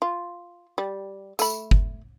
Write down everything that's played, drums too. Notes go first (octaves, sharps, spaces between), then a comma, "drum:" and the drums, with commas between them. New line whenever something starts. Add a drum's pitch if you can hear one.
F4
G3
A3 B5, drum: tambourine
drum: kick G1